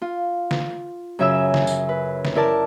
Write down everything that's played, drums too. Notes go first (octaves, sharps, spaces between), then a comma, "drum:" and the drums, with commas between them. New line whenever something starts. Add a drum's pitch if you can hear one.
F4
drum: snare
F#2 C#3 E5 G#5 E6
drum: snare
drum: tambourine
B4
drum: snare
E4 A#4 D5 A5